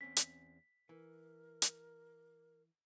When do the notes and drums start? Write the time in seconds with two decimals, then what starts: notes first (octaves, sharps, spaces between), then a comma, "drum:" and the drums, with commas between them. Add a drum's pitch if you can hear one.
0.01 E2 C4 C#4 B6
0.17 drum: hi-hat
0.89 E3 A#4
1.62 drum: hi-hat